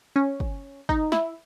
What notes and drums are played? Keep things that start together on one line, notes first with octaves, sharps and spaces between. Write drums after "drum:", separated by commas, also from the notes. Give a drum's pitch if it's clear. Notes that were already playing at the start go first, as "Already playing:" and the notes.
C#4
drum: kick
D#4, drum: kick
E4, drum: snare